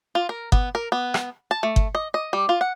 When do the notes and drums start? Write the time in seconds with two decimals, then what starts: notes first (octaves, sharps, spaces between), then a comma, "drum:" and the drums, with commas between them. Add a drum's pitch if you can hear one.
0.15 F4
0.29 A#4
0.52 B3, drum: kick G1
0.75 A#4
0.92 B3
1.14 drum: rim click
1.51 A5
1.63 A3
1.76 drum: kick G1
1.95 D#5
2.14 D#5
2.33 G3
2.49 F4
2.61 F#5